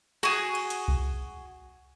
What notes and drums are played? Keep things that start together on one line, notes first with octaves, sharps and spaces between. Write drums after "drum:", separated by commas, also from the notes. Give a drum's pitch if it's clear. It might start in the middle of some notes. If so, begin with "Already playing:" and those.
F#4 G#4, drum: rim click
drum: cymbal
drum: hi-hat
drum: kick C2